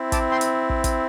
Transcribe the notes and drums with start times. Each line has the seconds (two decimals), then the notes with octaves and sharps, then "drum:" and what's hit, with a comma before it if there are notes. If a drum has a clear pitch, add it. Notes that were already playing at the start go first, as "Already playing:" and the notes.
Already playing: C4 E4
0.12 A5 D6, drum: kick, hi-hat
0.31 G5 C6
0.41 drum: hi-hat
0.70 drum: kick
0.84 drum: kick, hi-hat